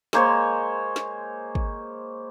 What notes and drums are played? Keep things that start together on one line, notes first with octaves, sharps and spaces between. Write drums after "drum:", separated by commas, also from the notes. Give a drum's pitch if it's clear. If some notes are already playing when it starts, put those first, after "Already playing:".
G#3 A#3 C5 C#5, drum: snare
drum: snare
drum: kick